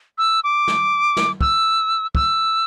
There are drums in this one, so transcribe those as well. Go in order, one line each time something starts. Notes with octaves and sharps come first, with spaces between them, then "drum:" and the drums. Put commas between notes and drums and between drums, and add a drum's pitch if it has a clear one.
E6
D6
drum: snare
drum: snare
E6, drum: kick
E6, drum: kick